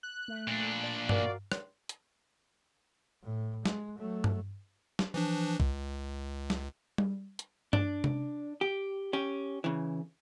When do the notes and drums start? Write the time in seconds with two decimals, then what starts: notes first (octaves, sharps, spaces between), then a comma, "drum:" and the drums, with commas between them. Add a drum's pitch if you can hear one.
0.03 F#6
0.28 A3
0.47 A#2 D4
0.81 D5 D7
1.09 F#4 A#4 D5 F5, drum: tom G2
1.52 drum: rim click
1.89 drum: hi-hat
3.23 A2
3.65 G#3, drum: snare
3.98 F#3 A3
4.24 drum: tom G2
4.99 drum: snare
5.14 E3 F3 D4
5.60 C#2, drum: kick
6.50 drum: snare
6.98 drum: tom G3
7.39 drum: hi-hat
7.73 D4, drum: tom G2
8.04 drum: tom C3
8.61 G4
9.13 C#4 G4
9.64 C#3 E3